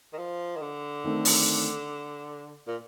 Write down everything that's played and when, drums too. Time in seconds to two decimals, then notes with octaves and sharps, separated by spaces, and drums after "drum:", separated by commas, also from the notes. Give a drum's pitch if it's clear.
0.13 D#3
0.18 F3
0.56 D#3
0.62 D3
1.04 D#3 A3 C4
1.25 drum: open hi-hat
2.67 A#2